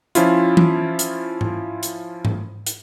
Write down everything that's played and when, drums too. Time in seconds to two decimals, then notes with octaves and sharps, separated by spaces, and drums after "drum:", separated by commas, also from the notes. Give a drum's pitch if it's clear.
0.15 F3 C#4 E4 F4, drum: hi-hat
0.57 drum: tom E3
0.99 drum: hi-hat
1.41 drum: tom G#2
1.83 drum: hi-hat
2.25 drum: tom G#2
2.67 drum: hi-hat